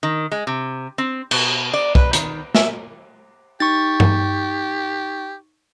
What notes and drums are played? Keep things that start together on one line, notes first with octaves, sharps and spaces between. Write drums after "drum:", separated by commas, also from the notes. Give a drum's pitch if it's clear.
D#3
G#3
C3
C4
B2, drum: cymbal
D5
B4, drum: kick
D#3, drum: hi-hat
E5, drum: snare
D#4 G4 C#6 A6
drum: tom G2